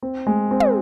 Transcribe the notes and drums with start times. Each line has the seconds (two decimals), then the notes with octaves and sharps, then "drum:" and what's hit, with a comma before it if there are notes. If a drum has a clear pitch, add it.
0.03 C4
0.27 G#3
0.51 C4
0.60 drum: tom